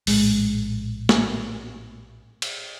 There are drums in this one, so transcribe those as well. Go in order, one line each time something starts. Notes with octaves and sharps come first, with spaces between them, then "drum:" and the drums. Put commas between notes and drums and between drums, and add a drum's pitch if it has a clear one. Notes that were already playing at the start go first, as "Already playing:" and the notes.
A#1 A2 G#3, drum: open hi-hat
drum: snare
drum: cymbal